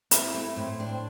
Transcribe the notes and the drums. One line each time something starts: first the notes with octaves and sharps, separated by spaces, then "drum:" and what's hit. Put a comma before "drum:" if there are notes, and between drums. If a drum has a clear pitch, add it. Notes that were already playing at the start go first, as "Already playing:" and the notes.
C4 E4, drum: hi-hat
A3
A2 C4
D4